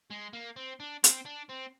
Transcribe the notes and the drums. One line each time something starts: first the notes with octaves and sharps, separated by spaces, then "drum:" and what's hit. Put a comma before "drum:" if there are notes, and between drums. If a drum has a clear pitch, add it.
G#3
A#3
C4
D4
C4, drum: hi-hat
D4
C4